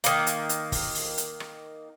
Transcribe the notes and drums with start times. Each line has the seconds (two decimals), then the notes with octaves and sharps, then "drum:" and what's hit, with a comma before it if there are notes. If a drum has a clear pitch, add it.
0.04 D#3 A#3, drum: hi-hat
0.27 drum: hi-hat
0.49 drum: hi-hat
0.72 drum: kick, open hi-hat
0.95 drum: open hi-hat
1.18 drum: hi-hat
1.40 drum: rim click